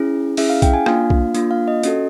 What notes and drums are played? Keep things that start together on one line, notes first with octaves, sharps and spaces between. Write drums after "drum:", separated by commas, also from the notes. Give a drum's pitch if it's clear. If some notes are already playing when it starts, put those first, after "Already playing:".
Already playing: C#4 E4 G#4
C#4 E4 G#4 E5, drum: open hi-hat
F5
G5, drum: kick B1, hi-hat
G#5
A#3 D4 F4 F5, drum: rim click
drum: kick B1
A#3 D4 F4, drum: hi-hat
F5
D#5
C#4 F#4 A4, drum: hi-hat